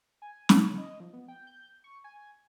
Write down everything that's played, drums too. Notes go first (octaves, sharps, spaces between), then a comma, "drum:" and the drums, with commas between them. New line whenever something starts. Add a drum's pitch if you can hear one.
G#5
D3, drum: snare
C#3
D#5
F3
B3
G5
G6
C#6
G#5